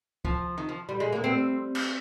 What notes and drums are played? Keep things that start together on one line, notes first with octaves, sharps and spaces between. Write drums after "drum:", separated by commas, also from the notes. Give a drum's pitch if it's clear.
F3, drum: kick C#2
D#3
F3
G3
G#3
G#3 A#3
G3 C4
drum: cymbal